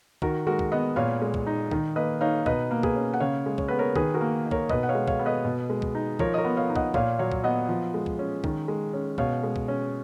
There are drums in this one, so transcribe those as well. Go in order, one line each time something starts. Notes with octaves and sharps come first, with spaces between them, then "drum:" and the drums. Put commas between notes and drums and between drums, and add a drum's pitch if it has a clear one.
D#3 F#4 A#4, drum: kick
G#3 F#4 A#4
drum: kick
B3 D#5 F#5
A#2 C#5 F5
G#3
drum: kick
D#4
D#3, drum: kick
A#3 B4 D#5
D#4 C#5 F5
B2 B4 D#5, drum: kick
A#3
G#4 B4, drum: kick
C#4
F#5
C#3 C#5 F5
G#3
C#5, drum: kick
B3 B4
A#4 C#5
D#3 G#4 B4, drum: kick
F#4 A#4
A#3
D#4
A#4 C#5, drum: kick
B2 B4 D#5, drum: kick
F#5
C#5 F5
G#3
C#5 F5, drum: kick
B3
B4 D#5
B2
G#3
drum: kick
D#4
F3 A#4 C#5, drum: kick
D#5
A#4 C#5
B3
C#5 F5
D#4
D#5 F#5, drum: kick
A#2 C#5 F5, drum: kick
F#3 C#5 F5
drum: kick
B3 D#5 F#5
F3
G#3
drum: kick
C#4
D#3, drum: kick
G#3
C#4
B2 C#5 F5, drum: kick
G#3
drum: kick
C#4